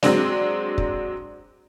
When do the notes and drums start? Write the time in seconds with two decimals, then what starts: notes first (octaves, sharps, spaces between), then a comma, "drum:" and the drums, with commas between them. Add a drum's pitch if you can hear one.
0.03 F#3 G#3 C4 D4, drum: snare
0.78 drum: kick